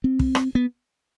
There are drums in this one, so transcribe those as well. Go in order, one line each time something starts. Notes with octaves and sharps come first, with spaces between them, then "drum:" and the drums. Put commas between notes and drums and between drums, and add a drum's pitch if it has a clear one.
C4
drum: kick
drum: rim click
B3